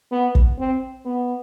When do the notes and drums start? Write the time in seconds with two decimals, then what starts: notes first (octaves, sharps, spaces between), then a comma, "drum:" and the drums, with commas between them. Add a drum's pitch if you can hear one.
0.11 B3
0.35 drum: kick
0.59 C4
1.05 B3